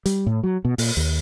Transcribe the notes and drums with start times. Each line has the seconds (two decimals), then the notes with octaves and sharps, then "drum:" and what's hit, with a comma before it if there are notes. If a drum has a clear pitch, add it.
0.06 G3, drum: hi-hat
0.26 A2
0.43 F#3
0.65 B2
0.78 A#2, drum: open hi-hat
0.97 D#2